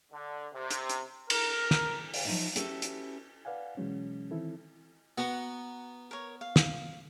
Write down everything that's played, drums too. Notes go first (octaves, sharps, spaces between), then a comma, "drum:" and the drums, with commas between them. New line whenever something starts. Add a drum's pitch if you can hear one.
D3
C3
drum: hi-hat
drum: hi-hat
A#4, drum: cymbal
drum: snare
drum: open hi-hat
F3 F#3 G#3 D#4 D#5 E5
C#4 E4 F#4 G4 A4 B4, drum: hi-hat
drum: hi-hat
B4 D5 F5 F#5 G#5
B2 E3 F#3 G#3 C#4
D#3 E3 C4 E4 A4
B3 F#4 F#5 A#5
A#4 C#5
F5
drum: snare